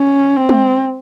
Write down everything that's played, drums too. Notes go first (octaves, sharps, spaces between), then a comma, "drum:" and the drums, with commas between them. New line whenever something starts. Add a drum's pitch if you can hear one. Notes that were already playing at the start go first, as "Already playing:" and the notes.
Already playing: C#4
C4
drum: tom G#3